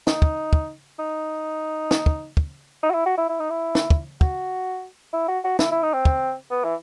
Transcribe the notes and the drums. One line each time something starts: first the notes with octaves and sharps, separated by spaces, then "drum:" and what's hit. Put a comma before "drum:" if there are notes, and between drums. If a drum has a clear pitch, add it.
D#4, drum: snare
drum: kick
drum: kick
D#4
drum: snare
drum: kick
drum: kick
D#4
F#4
E4
F#4
E4
E4
D#4
E4
drum: snare
drum: kick
F#4, drum: kick
E4
F#4
F#4
E4, drum: snare
E4
D#4
C4
drum: kick
B3
E3